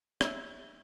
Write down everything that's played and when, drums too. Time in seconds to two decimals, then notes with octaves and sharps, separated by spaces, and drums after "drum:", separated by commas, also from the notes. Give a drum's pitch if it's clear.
0.21 C#5 E5, drum: rim click